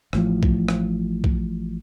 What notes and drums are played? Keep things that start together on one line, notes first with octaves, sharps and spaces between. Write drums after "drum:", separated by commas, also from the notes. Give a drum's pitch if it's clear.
A1 A2 F3, drum: rim click
drum: kick
drum: rim click
drum: kick